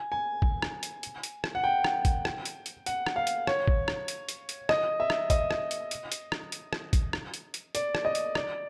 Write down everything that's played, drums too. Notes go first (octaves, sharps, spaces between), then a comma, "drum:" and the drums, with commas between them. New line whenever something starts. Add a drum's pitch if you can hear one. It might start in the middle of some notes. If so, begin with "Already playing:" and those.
Already playing: G#5
G#5
drum: kick
drum: rim click
drum: hi-hat
drum: hi-hat
drum: hi-hat
drum: rim click
F#5
G5
drum: rim click
drum: kick, hi-hat
drum: rim click
drum: hi-hat
drum: hi-hat
F#5, drum: hi-hat
drum: rim click
F5
drum: hi-hat
C#5, drum: rim click
drum: kick
drum: rim click
drum: hi-hat
drum: hi-hat
drum: hi-hat
D#5, drum: rim click
E5
drum: rim click
D#5, drum: kick, hi-hat
drum: rim click
drum: hi-hat
drum: hi-hat
drum: hi-hat
drum: rim click
drum: hi-hat
drum: rim click
drum: kick, hi-hat
drum: rim click
drum: hi-hat
drum: hi-hat
D5, drum: hi-hat
drum: rim click
D#5
drum: hi-hat
D5, drum: rim click